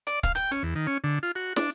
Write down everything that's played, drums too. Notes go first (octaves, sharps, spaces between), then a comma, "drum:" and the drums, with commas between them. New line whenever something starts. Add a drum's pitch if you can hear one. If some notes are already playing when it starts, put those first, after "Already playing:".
D5, drum: hi-hat
F5, drum: kick, hi-hat
G5, drum: hi-hat
C#4, drum: hi-hat
E2
D#3
C#4
D3
F4
F#4
D4, drum: snare